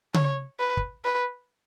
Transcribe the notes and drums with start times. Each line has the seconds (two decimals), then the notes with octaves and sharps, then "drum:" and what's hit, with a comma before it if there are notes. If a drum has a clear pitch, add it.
0.14 C#5, drum: tom C#3
0.59 B4
0.77 drum: kick
1.04 B4